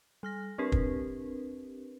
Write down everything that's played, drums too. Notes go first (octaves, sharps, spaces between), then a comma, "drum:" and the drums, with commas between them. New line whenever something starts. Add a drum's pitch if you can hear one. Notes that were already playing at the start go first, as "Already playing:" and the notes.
G3 F6 A#6
C4 D4 G4 A#4 B4
drum: kick